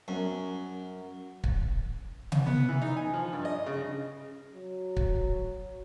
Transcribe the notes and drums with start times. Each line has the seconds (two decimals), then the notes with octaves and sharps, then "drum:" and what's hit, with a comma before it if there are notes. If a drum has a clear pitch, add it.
0.08 F#2
1.44 drum: kick
2.32 drum: tom C3
2.46 B3
2.69 E3
2.82 D#4
2.97 G#5
3.14 F3
3.33 G2
3.45 D#5
3.66 C#3
4.52 F#3
4.97 drum: kick